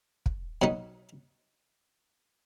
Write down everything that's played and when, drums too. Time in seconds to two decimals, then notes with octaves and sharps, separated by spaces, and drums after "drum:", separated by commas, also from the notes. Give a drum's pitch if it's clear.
0.26 drum: kick
0.62 B2 F#3 B3 D#4